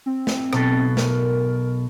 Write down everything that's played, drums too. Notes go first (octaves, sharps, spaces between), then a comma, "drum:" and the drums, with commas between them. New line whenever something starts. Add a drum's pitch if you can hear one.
C4
drum: snare
B1 B2 A4, drum: rim click
A#4, drum: snare